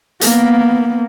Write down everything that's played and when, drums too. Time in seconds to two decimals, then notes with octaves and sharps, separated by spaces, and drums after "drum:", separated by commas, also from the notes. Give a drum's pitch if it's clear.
0.21 A#3 B3, drum: hi-hat